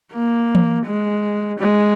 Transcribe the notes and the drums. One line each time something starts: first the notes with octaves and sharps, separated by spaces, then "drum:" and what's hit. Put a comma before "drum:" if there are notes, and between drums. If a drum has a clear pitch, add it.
A#3
drum: tom E3
G#3
G#3